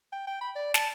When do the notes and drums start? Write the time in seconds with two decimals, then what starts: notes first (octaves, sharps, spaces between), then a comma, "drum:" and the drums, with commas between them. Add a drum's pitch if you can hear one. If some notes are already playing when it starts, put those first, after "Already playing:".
0.12 G5
0.27 G5
0.41 B5
0.55 D5
0.74 A5, drum: snare